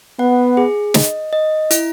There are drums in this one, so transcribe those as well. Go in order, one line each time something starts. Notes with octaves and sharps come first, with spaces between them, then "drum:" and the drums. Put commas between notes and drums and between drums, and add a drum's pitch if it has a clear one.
B3 F#5
G#4
D#5, drum: snare
D#5
E4, drum: hi-hat